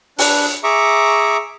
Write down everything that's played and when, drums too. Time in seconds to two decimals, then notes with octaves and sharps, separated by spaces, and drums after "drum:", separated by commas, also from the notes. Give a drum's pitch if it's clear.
0.19 D4 B4, drum: open hi-hat
0.64 G#4 E5 A#5 C#6 D6